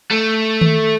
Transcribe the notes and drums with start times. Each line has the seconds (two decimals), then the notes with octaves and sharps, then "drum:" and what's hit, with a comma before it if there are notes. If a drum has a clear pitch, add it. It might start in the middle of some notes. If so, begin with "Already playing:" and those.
0.11 A3
0.61 drum: tom D#3